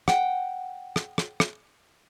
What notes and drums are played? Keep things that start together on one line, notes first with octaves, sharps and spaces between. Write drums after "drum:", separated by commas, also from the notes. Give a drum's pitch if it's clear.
F#5 G5, drum: rim click
drum: rim click
drum: rim click
drum: rim click